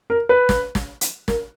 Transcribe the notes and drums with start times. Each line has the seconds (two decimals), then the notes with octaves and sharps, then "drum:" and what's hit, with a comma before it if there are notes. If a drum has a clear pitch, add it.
0.10 A#4
0.29 B4
0.49 drum: snare
0.75 drum: snare
1.01 drum: hi-hat
1.28 A#4, drum: snare